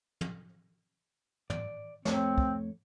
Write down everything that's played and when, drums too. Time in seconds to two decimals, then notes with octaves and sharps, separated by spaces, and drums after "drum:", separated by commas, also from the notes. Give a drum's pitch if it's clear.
0.21 drum: tom
1.50 D5, drum: tom
2.05 F2 A3 C4 C#5, drum: snare
2.38 drum: kick